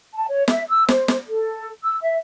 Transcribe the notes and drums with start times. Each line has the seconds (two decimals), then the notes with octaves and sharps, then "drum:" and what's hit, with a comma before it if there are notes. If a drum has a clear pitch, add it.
0.14 A5
0.28 C#5
0.48 E5, drum: snare
0.69 E6
0.88 C5, drum: snare
1.08 drum: snare
1.28 A4
1.83 E6
2.02 E5